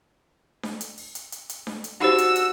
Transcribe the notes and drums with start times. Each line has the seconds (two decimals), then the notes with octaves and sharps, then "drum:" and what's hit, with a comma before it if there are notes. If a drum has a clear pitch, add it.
0.63 drum: snare D4
0.81 drum: hi-hat
0.98 drum: open hi-hat
1.15 drum: hi-hat
1.32 drum: hi-hat
1.49 drum: hi-hat
1.67 drum: snare D4
1.84 drum: hi-hat
2.01 D4 D#4 F#4 G4 C5 E6
2.18 drum: hi-hat
2.36 drum: hi-hat